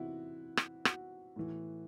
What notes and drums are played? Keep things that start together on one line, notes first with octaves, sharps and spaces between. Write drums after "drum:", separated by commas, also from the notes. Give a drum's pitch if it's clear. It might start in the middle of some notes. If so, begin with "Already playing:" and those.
Already playing: C3 E3 E4 F#4
drum: rim click
F#4, drum: rim click
A2 E3